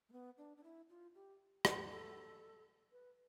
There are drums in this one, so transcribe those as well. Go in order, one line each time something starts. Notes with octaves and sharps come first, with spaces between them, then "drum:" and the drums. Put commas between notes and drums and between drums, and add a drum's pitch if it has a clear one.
A3
B3
D4
D4
E4
F4
G4
G4, drum: rim click
A4
B4